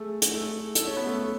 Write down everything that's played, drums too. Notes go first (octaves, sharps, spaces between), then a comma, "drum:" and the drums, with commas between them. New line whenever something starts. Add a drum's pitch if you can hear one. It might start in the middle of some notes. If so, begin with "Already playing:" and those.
Already playing: A3 G#4
drum: hi-hat
A3
A3 A4, drum: hi-hat
C#4
B3
A3